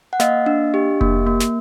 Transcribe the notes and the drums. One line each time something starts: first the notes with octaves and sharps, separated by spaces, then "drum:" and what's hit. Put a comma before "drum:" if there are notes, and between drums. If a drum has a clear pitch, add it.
F#5
A#3 D#5 F5, drum: snare
D4
G4
A#3, drum: kick F1
A#3
drum: snare